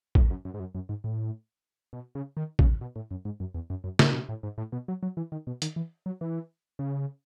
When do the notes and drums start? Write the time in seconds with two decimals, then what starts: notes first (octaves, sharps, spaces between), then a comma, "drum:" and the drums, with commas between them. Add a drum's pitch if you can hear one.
0.15 A2, drum: kick
0.30 F#2
0.45 F#2
0.54 G#2
0.60 F#2
0.75 F#2
0.89 G#2
1.04 A2
1.93 B2
2.15 C#3
2.37 D#3
2.59 C#3, drum: kick
2.81 B2
2.96 A2
3.11 F#2
3.25 G#2
3.40 F#2
3.54 E2
3.70 F#2
3.84 F#2
3.99 A2, drum: snare
4.14 B2
4.29 A2
4.43 G#2
4.58 A2
4.72 B2
4.88 F#3
5.03 F#3
5.17 E3
5.32 D#3
5.47 B2
5.62 D#3, drum: hi-hat
5.76 E3
6.06 F#3
6.21 E3
6.79 C#3